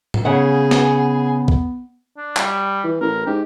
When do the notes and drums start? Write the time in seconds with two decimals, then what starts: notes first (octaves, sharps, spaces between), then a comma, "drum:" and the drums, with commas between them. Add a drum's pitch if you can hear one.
0.14 drum: tom G#2
0.25 C#3 B3 G#4 F#5
0.71 drum: snare
1.48 drum: kick B1
2.17 D4
2.37 G3, drum: clap
2.84 E3
3.01 A1 A#4
3.26 G#2 G4